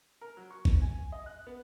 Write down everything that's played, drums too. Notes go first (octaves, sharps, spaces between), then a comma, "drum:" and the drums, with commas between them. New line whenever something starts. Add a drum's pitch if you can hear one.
A#4
F#3
C#6
drum: kick
G#5
D#5
F#6
B3